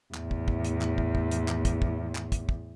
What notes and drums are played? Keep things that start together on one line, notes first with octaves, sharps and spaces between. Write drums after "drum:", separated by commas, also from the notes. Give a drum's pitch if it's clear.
E2 A2, drum: clap
drum: kick
drum: kick
drum: hi-hat
drum: clap
drum: kick
drum: kick
drum: hi-hat
drum: clap
drum: kick, hi-hat
drum: kick
drum: clap
drum: kick, hi-hat
drum: kick